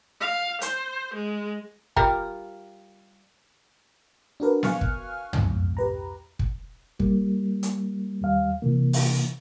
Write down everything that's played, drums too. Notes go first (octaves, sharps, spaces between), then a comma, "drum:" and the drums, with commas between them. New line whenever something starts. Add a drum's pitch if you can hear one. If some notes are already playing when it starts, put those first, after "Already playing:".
F5
C5, drum: hi-hat
G#3
G3 F4 A#4, drum: kick
D4 F#4 A#4 B4
F5 G#5 C#6 F6 F#6, drum: snare B3
drum: kick
F2 G#2 B2, drum: tom
G4 B4 A#5
drum: kick
G3 A#3, drum: kick
drum: hi-hat
D#2 G3 F5
C3 E3 A#3
drum: open hi-hat